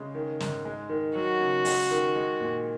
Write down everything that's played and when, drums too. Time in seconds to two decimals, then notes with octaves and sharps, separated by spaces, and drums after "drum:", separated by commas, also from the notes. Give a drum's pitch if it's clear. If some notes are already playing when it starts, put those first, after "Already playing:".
Already playing: C#3 G#3
0.15 D#3
0.40 G#2, drum: snare
0.65 G#3
0.89 D#3
1.15 F#3 F#4
1.41 C#3
1.65 G#3, drum: open hi-hat
1.91 D#3
2.16 G#3
2.41 A#2